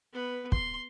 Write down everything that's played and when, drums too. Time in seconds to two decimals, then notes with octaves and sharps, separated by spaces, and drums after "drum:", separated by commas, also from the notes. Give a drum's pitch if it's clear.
0.13 B3 B4
0.52 C6, drum: kick